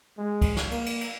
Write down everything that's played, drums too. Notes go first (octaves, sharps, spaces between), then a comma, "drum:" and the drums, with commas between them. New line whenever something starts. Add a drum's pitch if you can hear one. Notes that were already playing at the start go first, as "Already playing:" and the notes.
G#3
drum: kick, cymbal
drum: snare
A#3, drum: cymbal
drum: cymbal
drum: cymbal